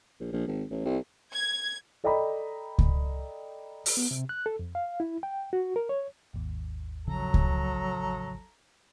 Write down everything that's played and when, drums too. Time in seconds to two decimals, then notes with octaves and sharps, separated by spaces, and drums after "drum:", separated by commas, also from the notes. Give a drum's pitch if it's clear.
0.20 A#1
0.32 A#1
0.47 G#1
0.70 A1
0.85 C2
1.34 G#6
2.04 A4 D5 D#5 G5 A#5 B5
2.78 drum: kick C#2
3.86 drum: open hi-hat
3.97 B3
4.11 C3
4.29 F#6
4.46 A4
4.59 F2
4.75 F5
5.00 E4
5.23 G5
5.53 F#4
5.76 A#4
5.89 C#5
6.33 G#1 D#2
7.07 A1 C#3 F3 F#3 A4 A#5
7.34 drum: kick C#2